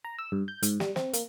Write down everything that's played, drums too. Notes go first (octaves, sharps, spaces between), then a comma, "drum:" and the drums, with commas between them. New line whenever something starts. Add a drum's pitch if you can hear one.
A#5
E6
G2
G6
G#2, drum: hi-hat
G3, drum: snare
C4, drum: snare
A#3, drum: hi-hat